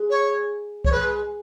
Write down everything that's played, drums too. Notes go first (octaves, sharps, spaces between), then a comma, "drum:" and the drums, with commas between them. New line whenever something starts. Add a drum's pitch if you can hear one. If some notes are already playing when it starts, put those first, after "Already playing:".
Already playing: G#3
C#5
C#5, drum: kick C2
G#3 B4